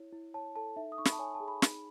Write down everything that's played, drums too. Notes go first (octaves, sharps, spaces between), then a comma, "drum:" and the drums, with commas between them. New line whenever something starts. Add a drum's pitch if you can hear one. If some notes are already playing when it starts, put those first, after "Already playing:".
Already playing: E4 C#5
E4
C#5 A5
A4 A5
D#4 E5
D#6
D#4 C#6
B5, drum: snare
A5
C#5 G#5
A5
G#4
B5
D#4, drum: snare